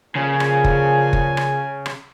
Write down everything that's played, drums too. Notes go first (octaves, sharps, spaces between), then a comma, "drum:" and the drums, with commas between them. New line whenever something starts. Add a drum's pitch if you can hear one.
A#2 C#3 F3 G#4 G#5
drum: rim click
drum: kick F#1
drum: kick F#1
drum: rim click
drum: rim click